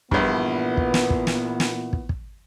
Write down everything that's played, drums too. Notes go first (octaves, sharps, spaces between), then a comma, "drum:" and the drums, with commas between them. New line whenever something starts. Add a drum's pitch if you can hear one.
A#1 G2 A#2 E3 B3, drum: kick
drum: kick
drum: snare
drum: kick
drum: snare
drum: snare
drum: kick
drum: kick